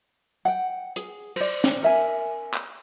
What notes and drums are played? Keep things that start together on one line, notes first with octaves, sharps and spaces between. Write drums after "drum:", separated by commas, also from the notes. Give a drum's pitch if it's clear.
F#5 G5
G#4, drum: hi-hat
C5 D5, drum: cymbal
drum: snare
A#4 E5 G#5
drum: clap